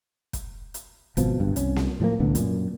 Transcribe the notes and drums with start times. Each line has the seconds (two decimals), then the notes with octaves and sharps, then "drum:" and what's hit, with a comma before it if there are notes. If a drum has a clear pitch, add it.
0.33 drum: kick, hi-hat
0.74 drum: hi-hat
1.17 G#1 B2 F3, drum: kick, hi-hat
1.39 G1 G2
1.56 C2 C#4, drum: hi-hat
1.76 drum: snare A#3
2.00 A2 F3 F#3 A#3
2.19 C2 A2 D3 B3
2.35 F#2 A#2, drum: hi-hat